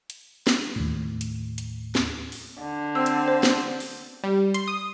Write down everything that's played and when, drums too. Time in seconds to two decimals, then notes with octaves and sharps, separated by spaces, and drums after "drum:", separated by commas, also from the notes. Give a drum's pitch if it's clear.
0.10 drum: hi-hat
0.47 drum: snare
0.76 D#2 A2
1.21 drum: hi-hat
1.58 drum: hi-hat
1.95 drum: snare
2.32 drum: open hi-hat
2.61 D3
2.95 C4 E6
3.06 drum: hi-hat
3.28 C5
3.43 drum: snare
3.80 drum: open hi-hat
4.24 G3
4.54 C6, drum: hi-hat
4.68 D#6